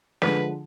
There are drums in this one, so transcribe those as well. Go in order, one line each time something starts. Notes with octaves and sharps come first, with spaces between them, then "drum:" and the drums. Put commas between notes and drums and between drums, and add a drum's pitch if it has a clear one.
D3 F3 G#3 B4, drum: snare